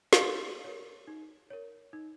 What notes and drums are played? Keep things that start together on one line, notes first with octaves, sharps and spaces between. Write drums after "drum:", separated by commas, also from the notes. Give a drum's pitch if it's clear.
C#6, drum: snare
D#4 C6
A#4 C#5
D#4
A#4 C#5
D#4